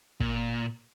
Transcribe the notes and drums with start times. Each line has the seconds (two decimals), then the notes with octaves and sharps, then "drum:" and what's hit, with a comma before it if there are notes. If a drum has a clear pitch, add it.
0.20 A#2, drum: kick